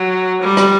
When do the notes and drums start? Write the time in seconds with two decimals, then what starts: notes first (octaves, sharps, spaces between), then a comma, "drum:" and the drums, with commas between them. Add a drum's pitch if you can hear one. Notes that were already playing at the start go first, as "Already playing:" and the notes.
Already playing: F#3
0.42 G3
0.57 drum: rim click